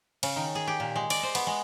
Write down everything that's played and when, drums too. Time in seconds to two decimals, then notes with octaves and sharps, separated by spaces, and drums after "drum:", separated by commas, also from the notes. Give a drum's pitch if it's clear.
0.23 C#3, drum: cymbal
0.36 D#3
0.55 G#4
0.67 G4
0.80 A#2
0.96 G#3
1.10 D5, drum: cymbal
1.23 C5
1.35 B3, drum: cymbal
1.47 G#3